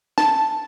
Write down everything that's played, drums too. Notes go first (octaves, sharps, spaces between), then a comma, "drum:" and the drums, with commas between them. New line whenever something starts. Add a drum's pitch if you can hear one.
A5, drum: snare